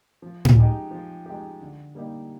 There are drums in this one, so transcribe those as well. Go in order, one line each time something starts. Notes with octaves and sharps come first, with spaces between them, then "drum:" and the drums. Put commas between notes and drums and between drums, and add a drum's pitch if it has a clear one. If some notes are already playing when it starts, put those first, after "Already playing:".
F3
drum: tom A2
G#3 D#4 G4
F3
G#3 D#4 G4
D3
G3 A#3 D#4 G4